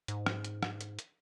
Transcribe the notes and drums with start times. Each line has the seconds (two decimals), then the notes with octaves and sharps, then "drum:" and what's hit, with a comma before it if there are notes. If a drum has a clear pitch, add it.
0.08 G#2, drum: hi-hat
0.26 drum: rim click
0.44 drum: hi-hat
0.63 drum: rim click
0.81 drum: hi-hat
0.99 drum: hi-hat